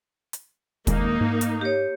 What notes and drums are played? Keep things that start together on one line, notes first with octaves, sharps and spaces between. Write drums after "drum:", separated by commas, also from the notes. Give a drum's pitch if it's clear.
drum: hi-hat
D#1 D#3 G#3 A#3 D#4, drum: kick, hi-hat
G#2
drum: hi-hat
G4 C#5